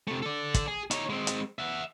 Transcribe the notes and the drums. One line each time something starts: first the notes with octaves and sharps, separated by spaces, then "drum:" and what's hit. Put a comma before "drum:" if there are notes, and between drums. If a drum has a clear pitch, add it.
C3 A3
A4 D5
drum: kick, hi-hat
G#4
D#4 C#5, drum: hi-hat
G#3 C4
drum: hi-hat
E5 F#5